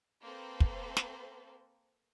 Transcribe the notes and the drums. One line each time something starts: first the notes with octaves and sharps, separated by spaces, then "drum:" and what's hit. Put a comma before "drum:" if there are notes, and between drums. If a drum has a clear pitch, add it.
A#3 C4 A4 B4 C5
drum: kick
drum: snare